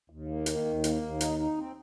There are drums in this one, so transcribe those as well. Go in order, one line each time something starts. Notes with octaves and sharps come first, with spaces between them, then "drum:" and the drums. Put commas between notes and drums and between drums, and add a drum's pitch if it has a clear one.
D#2
A#3
D#3, drum: hi-hat
D#2
A#3, drum: hi-hat
D#2
D#4, drum: hi-hat
D#4
C4